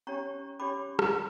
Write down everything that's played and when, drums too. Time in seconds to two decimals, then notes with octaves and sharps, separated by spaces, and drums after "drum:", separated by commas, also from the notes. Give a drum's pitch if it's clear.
0.07 C#4 G4 C#5 A#5 C#6
0.60 C#4 G4 C#5 B5 D6
0.99 drum: rim click